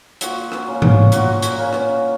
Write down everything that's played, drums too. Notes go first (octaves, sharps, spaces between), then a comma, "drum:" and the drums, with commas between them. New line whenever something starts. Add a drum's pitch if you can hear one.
A#2 F#4, drum: hi-hat
F#4, drum: rim click
A#3 C#4
drum: tom G#2
A#2 F#4, drum: hi-hat
drum: hi-hat
A#3 C#4
drum: rim click